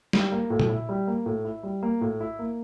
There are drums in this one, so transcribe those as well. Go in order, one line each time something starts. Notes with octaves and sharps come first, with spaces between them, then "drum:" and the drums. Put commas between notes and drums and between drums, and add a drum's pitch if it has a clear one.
G3, drum: snare
A#3
A2
drum: tom A#2
E4
G3
A#3
A2
E4
G3
A#3
A2
E4
A#3